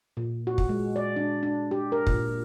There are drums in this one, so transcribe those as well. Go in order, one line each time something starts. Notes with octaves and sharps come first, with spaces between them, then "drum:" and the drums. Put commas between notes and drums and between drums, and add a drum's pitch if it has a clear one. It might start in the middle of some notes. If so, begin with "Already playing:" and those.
A#2
F#4
drum: kick
G#3
D5
D4
D4
G4
A#4
A#2, drum: kick